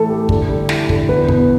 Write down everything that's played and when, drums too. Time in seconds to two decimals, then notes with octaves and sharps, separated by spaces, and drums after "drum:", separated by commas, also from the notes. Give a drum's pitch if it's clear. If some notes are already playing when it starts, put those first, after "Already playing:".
Already playing: A2 E3 A3 A4
0.09 G4
0.29 D3, drum: kick
0.49 G3
0.69 E4, drum: snare
0.89 D3, drum: kick
1.09 E2 B4
1.28 B2, drum: kick